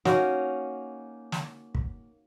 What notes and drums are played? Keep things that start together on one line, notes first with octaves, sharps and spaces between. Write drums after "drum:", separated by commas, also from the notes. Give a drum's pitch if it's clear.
A#3 C#4 D#4 F#4, drum: snare
drum: snare
drum: kick